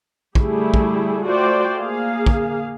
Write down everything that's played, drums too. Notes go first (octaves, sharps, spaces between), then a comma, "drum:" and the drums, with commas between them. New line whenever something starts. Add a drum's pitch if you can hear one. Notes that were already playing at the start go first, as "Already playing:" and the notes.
G3 A3 E4 G4 G#4, drum: kick
drum: kick
A3 F4 F#4 C5 D5 G5
A#3 G#4 F5
drum: kick